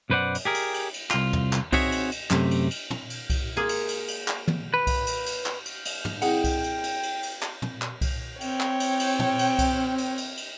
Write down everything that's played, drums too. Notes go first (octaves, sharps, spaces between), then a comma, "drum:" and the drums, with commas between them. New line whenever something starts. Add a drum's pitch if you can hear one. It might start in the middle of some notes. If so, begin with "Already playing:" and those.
B1 F#2 B4 C5 D5 F#5
drum: cymbal
G4 G#4 A#4
drum: cymbal
drum: cymbal
drum: cymbal
C2 F4, drum: clap
drum: tom
drum: clap
C4 D#4 F#4 G#4 C#5 E5, drum: kick C2, cymbal
drum: cymbal
drum: cymbal
F#2 C3 A3, drum: clap
drum: cymbal
drum: cymbal
drum: tom
drum: cymbal
drum: kick C2, cymbal
G#3 A#3 G#4
drum: cymbal
drum: cymbal
drum: cymbal
drum: clap
drum: tom
B4
drum: kick C2, cymbal
drum: cymbal
drum: cymbal
drum: clap
drum: cymbal
drum: cymbal
drum: tom
C4 E4 G#4 F#5 G5, drum: cymbal
drum: kick C2, cymbal
drum: cymbal
drum: cymbal
drum: cymbal
drum: cymbal
drum: clap
drum: tom
drum: clap
drum: kick C2, cymbal
C4 C#5 G5, drum: cymbal
drum: clap
drum: cymbal
drum: cymbal
drum: tom
drum: cymbal
drum: kick C2, cymbal
drum: cymbal
drum: cymbal
drum: cymbal